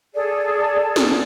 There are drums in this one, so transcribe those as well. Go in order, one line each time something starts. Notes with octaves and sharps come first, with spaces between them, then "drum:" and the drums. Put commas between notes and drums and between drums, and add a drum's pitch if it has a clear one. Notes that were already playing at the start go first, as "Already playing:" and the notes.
G#4 A4 D5
drum: snare